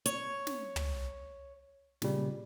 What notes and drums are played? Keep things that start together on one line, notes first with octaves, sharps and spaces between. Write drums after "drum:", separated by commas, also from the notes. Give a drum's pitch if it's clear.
C#5, drum: hi-hat
drum: snare
drum: tom
A#2 C#3 G3, drum: snare